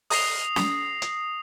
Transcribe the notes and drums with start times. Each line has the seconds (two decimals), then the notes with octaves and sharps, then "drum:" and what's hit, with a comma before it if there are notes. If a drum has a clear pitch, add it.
0.10 D#6 A#6 C7 F7, drum: open hi-hat
0.56 drum: snare
1.02 drum: hi-hat